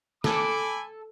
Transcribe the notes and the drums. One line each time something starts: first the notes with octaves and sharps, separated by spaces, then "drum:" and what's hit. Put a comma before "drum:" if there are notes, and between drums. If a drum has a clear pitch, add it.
A4 G#5 B5 D6, drum: snare